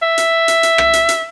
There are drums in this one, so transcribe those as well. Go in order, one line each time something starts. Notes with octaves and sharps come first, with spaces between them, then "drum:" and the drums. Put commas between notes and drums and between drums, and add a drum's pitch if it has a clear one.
E5
drum: hi-hat
drum: hi-hat
drum: hi-hat
drum: rim click
drum: hi-hat
drum: hi-hat